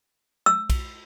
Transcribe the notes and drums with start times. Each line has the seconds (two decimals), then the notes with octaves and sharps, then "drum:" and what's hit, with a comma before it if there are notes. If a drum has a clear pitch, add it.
0.46 E6
0.70 drum: kick, cymbal